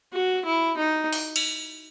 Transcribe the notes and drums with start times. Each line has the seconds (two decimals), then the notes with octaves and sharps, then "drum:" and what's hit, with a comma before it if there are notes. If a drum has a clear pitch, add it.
0.13 F#4
0.45 E4
0.77 D#4
1.13 drum: open hi-hat
1.36 drum: cymbal